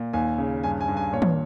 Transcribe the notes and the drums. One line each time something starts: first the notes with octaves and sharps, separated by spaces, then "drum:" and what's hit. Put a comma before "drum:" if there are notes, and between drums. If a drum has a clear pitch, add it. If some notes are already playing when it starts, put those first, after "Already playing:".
Already playing: A#2
D#2 G#5
C#3
G2 G#5
G#5
G2
G#5
A#2 C#5
drum: tom D#3